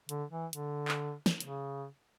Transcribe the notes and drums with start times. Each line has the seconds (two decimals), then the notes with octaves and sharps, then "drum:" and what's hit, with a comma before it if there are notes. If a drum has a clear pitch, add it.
0.09 D3, drum: hi-hat
0.31 E3
0.53 D3, drum: hi-hat
0.88 drum: clap
1.26 drum: snare
1.40 C#3, drum: hi-hat